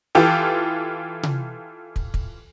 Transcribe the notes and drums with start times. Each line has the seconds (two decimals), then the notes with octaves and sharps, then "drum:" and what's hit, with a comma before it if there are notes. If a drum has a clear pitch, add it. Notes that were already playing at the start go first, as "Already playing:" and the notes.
0.15 E3 F4 G4 A4
1.23 drum: tom C3
1.96 drum: kick
2.14 drum: kick